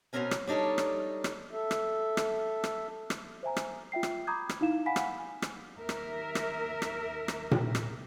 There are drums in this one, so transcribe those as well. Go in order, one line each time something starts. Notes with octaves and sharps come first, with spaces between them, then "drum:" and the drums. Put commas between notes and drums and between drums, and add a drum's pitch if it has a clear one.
B2 F3 C4 C#4 A#4 G#5
drum: rim click
G3 D4 D#4 A4 C#5
drum: rim click
drum: rim click
A4 E5
drum: rim click
drum: rim click
drum: rim click
drum: rim click
C5 E5 G#5 A#5
drum: rim click
F4 E5 G5 C7
drum: rim click
A#5 B5 D6 D#6 G6 G#6
drum: rim click
D#4 E4 F5 E7
F5 F#5 G#5 B5 B6
drum: rim click
G#5
drum: rim click
D#2 A#4 E5
drum: rim click
drum: rim click
drum: rim click
drum: rim click
drum: tom A#2
drum: rim click